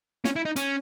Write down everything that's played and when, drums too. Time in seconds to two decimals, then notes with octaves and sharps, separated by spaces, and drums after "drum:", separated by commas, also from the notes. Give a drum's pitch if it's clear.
0.25 C#4, drum: snare
0.36 E4
0.45 D#4
0.56 C#4, drum: hi-hat